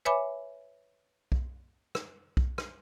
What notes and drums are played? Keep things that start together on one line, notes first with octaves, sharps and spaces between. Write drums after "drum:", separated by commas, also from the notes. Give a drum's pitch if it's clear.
B4 C#5 E5 G#5 B5 D6
drum: kick B1
drum: rim click
drum: kick B1
drum: rim click